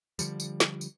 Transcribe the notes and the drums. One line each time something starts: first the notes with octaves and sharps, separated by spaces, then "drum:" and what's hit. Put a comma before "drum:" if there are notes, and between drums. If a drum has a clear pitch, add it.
D3 F3 G3, drum: tambourine
drum: tambourine
drum: snare
drum: tambourine